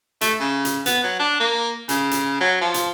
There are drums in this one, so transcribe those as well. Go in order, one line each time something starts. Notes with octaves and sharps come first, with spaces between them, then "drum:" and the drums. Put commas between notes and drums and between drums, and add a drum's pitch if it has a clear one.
A3, drum: hi-hat
C#3
drum: hi-hat
B3, drum: hi-hat
F#3
D4
A#3
C#3, drum: hi-hat
drum: hi-hat
F#3
F3
drum: hi-hat